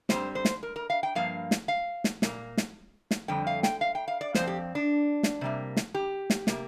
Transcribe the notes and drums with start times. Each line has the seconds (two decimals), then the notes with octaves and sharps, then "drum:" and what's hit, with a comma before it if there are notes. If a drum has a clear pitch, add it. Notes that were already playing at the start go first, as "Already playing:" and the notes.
0.09 G2 G3 C4 C5, drum: snare
0.35 C5
0.45 drum: snare
0.63 A#4
0.76 A#4
0.90 F5
1.03 G5
1.15 G2 F3 A#3 F5
1.51 drum: snare
1.68 F5
2.04 drum: snare
2.22 A#2 A#3, drum: snare
2.57 drum: snare
3.11 drum: snare
3.28 F2 D3 G3 G5
3.47 F5
3.63 G5, drum: snare
3.81 F5
3.95 G5
4.08 F5
4.21 D5
4.35 F2 F3 C4 C5, drum: snare
4.47 G4
4.75 D4
5.23 drum: snare
5.41 C3 G3 A#3
5.77 drum: snare
5.94 G4
6.30 drum: snare
6.47 C3 A#3, drum: snare